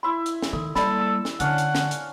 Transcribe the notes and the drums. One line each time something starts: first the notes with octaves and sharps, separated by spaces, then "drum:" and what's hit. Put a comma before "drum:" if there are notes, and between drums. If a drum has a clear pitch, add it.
E4 E5 B5 C6
drum: hi-hat
drum: snare
D#3 A4
G3 A#3 A4 D5 B5, drum: snare
E6
drum: snare
D3 C#4 D4 F5 F#5, drum: hi-hat
drum: hi-hat
drum: snare
drum: hi-hat